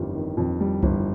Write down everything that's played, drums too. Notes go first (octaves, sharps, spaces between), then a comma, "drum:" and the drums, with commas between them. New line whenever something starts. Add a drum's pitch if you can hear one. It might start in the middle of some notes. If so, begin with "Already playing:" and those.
Already playing: G1 F2 D#3 G3
D#3
F2
G3
G1, drum: kick C2